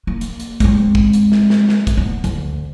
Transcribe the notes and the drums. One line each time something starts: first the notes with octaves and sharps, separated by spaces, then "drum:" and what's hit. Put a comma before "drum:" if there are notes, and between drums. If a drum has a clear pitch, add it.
A#3
drum: hi-hat
drum: hi-hat
G#3 C4, drum: kick, hi-hat
drum: kick
drum: hi-hat
drum: snare
drum: snare
drum: snare
drum: kick, hi-hat
B3
D2, drum: hi-hat